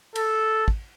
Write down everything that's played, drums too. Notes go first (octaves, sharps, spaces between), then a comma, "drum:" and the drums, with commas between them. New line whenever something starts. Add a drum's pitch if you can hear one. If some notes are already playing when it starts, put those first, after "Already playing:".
A4, drum: cymbal
drum: kick